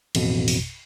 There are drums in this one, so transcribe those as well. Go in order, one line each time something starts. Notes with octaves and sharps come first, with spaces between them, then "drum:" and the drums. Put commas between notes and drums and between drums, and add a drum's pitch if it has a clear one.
A1 F2 B2, drum: cymbal
drum: open hi-hat